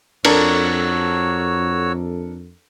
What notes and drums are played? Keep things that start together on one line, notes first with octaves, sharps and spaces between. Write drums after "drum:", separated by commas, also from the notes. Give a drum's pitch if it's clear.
F2 D4 F#4 A4 A#4 C#5 E6, drum: cymbal